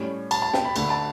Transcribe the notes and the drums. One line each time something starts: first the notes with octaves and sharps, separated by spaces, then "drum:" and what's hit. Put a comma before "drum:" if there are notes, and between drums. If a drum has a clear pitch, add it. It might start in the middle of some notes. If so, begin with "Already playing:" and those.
Already playing: A2 G3 C#4
A5, drum: cymbal
A5
G5, drum: snare
B5
D2 D3 A3 B5, drum: cymbal
A5